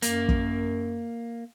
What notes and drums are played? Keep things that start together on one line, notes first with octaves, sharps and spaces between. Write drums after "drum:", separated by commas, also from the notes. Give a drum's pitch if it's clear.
F#2 A#3, drum: hi-hat
drum: kick